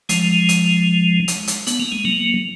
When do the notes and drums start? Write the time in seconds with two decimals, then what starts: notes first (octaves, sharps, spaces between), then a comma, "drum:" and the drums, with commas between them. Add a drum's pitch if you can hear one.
0.09 F3 G#3, drum: hi-hat
0.49 drum: hi-hat
1.28 drum: hi-hat
1.47 drum: hi-hat
1.67 B3, drum: hi-hat
1.80 A#3
1.92 G#3
2.05 F#3 A#3